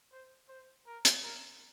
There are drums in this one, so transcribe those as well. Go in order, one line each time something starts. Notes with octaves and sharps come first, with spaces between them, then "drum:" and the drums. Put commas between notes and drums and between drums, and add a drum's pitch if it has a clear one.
C5
C5
A#4
drum: hi-hat
A#4